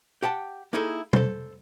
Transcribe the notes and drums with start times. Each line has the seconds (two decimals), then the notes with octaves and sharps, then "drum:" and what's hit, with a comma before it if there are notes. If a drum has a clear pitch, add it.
0.23 G4 F#5 G5 A5
0.73 A#3 D#4 E4 G#4 A4
1.13 A4 C5, drum: tom